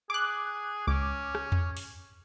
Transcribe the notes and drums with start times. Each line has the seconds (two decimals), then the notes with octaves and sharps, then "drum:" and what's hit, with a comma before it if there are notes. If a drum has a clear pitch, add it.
0.10 G#4 D6 F#6
0.87 C#2 C#4 D6
1.35 drum: rim click
1.52 drum: tom E2
1.77 drum: open hi-hat